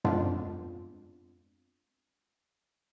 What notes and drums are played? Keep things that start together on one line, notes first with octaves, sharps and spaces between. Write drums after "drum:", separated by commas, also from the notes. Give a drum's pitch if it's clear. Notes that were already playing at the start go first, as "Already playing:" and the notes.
G#3 B3 C4 D4 F4, drum: tom F#2